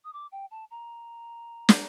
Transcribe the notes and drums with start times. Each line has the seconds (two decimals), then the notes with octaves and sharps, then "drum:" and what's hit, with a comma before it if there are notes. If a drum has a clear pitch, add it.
0.04 D#6
0.13 D6
0.32 G5
0.51 A5
0.71 A#5
1.69 drum: snare